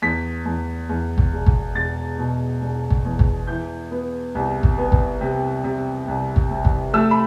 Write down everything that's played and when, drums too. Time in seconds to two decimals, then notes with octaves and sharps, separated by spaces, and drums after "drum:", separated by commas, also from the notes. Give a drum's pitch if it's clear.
0.02 E2 B6
0.45 E2
0.89 E2
1.18 drum: kick
1.33 E1
1.46 drum: kick
1.75 E1 A6
2.18 B2
2.61 E1
2.90 drum: kick
3.05 E2
3.19 drum: kick
3.47 E3 G6
3.91 B3
4.35 C2
4.63 drum: kick
4.78 B3
4.92 drum: kick
5.21 C3
5.64 C3
6.08 C2
6.36 drum: kick
6.51 C3
6.65 drum: kick
6.94 A3 E6
7.11 B5